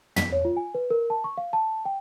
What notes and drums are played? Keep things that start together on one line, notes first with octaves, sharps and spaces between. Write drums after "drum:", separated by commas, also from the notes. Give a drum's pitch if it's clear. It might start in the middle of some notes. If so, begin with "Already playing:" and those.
B6, drum: tom
C#5
F4
G#5
B4
A#4
A5
C#6
F5
A5
G5